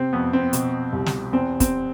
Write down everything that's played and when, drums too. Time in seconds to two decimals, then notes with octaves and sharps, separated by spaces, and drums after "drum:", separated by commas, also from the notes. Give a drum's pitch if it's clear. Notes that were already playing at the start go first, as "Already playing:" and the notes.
Already playing: C3 C4
0.13 F2 B3
0.33 C4
0.53 B2, drum: hi-hat
0.93 C2
1.06 drum: snare
1.32 E2 C4
1.60 C4, drum: kick, hi-hat